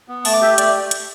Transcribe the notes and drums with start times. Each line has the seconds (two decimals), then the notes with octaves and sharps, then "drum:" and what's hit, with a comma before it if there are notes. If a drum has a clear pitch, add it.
0.08 B3
0.25 A3 A5, drum: open hi-hat
0.34 D6
0.42 G4 E5
0.58 A3 D5, drum: hi-hat
0.91 drum: hi-hat